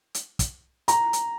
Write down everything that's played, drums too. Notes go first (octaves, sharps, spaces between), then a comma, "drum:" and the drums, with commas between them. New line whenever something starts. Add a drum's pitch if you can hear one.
drum: hi-hat
drum: kick, hi-hat
A#5, drum: hi-hat
drum: hi-hat